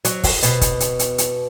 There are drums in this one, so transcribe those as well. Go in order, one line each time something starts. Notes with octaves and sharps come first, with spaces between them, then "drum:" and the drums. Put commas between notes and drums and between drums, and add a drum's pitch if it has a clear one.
F#3, drum: hi-hat
drum: kick, open hi-hat
B2, drum: hi-hat
drum: kick, hi-hat
drum: hi-hat
drum: hi-hat
drum: hi-hat